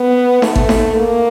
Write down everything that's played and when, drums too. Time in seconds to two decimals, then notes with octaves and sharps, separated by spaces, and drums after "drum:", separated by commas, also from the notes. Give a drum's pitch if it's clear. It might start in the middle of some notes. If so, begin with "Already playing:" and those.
Already playing: B3
0.42 A3, drum: snare D#4
0.55 drum: kick G#1
0.69 drum: snare D#4
0.96 A#3